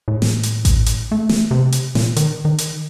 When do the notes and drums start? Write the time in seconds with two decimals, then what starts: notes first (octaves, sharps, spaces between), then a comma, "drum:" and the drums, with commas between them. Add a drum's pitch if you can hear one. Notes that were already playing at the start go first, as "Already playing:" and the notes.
0.08 A2
0.22 drum: snare
0.43 drum: hi-hat
0.65 drum: kick A1, hi-hat
0.86 drum: hi-hat
1.12 A3
1.29 drum: snare
1.51 C3
1.72 drum: hi-hat
1.95 A#2, drum: snare
2.16 D#3, drum: hi-hat
2.45 D#3
2.58 drum: hi-hat